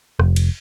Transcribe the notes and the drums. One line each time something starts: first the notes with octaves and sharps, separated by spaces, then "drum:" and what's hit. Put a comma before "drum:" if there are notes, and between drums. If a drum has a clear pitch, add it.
F1, drum: rim click
drum: cymbal